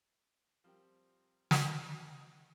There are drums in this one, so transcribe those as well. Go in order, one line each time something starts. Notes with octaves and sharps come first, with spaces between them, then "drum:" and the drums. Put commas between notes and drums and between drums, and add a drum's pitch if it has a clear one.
F3 G3 C4 A#4 G5
drum: snare